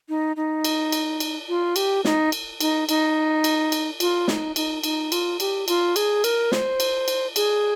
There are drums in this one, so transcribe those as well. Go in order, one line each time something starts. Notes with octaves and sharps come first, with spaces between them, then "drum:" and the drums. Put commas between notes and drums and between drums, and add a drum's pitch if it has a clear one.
D#4
D#4
drum: cymbal
drum: cymbal
drum: cymbal
F4
G4, drum: cymbal
D#4, drum: snare
drum: cymbal
D#4, drum: cymbal
D#4, drum: cymbal
drum: cymbal
drum: cymbal
F4, drum: cymbal
D#4, drum: snare
D#4, drum: cymbal
D#4, drum: cymbal
F4, drum: cymbal
G4, drum: cymbal
F4, drum: cymbal
G#4, drum: cymbal
A#4, drum: cymbal
C5, drum: snare
drum: cymbal
drum: cymbal
G#4, drum: cymbal